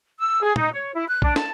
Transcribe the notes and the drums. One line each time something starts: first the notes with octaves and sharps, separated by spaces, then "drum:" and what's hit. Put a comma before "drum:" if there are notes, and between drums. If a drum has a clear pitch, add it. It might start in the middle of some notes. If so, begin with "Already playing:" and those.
E6
G#4
D#4, drum: tom
C#5
E4
F#6
D4, drum: kick A#1
A5, drum: snare